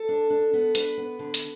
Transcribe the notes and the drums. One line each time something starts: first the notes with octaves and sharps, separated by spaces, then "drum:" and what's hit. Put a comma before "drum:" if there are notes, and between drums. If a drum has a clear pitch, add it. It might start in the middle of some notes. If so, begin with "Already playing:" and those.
Already playing: A4
D4
D4
B3
D4 B4, drum: hi-hat
B3
D3
drum: hi-hat